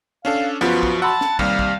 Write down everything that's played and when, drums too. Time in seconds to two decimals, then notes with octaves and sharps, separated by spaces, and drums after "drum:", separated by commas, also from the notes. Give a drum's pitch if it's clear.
0.25 C#4 D4 A4 F5
0.61 F#2 F3 B3 F4 F#4
0.83 drum: kick
1.02 F#5 A5 B5 C6 E6
1.21 drum: snare
1.39 D#2 C3 G3 F5 C#7, drum: kick
1.59 drum: kick